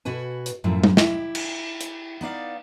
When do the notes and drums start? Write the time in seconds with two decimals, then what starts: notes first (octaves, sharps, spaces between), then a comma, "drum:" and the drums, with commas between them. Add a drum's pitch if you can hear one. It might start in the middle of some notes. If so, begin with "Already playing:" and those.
0.05 B2 F#4 B4 G#5
0.46 drum: hi-hat
0.64 F#2 A2 F3 F#3
0.84 drum: tom F#3
0.97 E4 G4, drum: snare
1.35 drum: cymbal
1.81 drum: hi-hat
2.21 B3 D#4 D5 F5